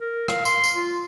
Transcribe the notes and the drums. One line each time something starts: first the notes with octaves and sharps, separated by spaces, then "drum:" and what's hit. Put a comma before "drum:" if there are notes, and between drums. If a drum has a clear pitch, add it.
A#4
F5, drum: rim click
C6, drum: tambourine
drum: tambourine
F4